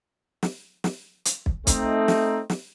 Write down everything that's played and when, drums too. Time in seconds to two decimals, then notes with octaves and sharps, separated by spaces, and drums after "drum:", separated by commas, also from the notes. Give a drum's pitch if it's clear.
0.43 drum: snare
0.84 drum: snare
1.25 drum: hi-hat
1.46 drum: kick
1.67 A3 C4 D#4, drum: kick, hi-hat
2.08 drum: snare
2.50 drum: snare